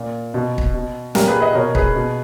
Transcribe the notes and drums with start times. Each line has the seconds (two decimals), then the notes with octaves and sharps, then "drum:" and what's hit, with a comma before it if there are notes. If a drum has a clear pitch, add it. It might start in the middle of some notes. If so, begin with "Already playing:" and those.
Already playing: A#2
0.34 B2
0.58 drum: kick
0.74 B2
1.15 A#2 G4 A#4, drum: snare
1.28 G#4 B4
1.41 B4 D#5
1.55 B2 A#4 C#5
1.75 G#4 B4, drum: kick
1.96 B2